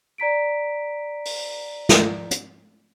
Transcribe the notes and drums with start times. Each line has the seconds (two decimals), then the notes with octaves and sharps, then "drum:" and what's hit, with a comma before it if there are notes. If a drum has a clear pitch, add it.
0.18 D5 A#5 B6 D7
1.25 drum: open hi-hat
1.89 drum: snare
2.31 drum: hi-hat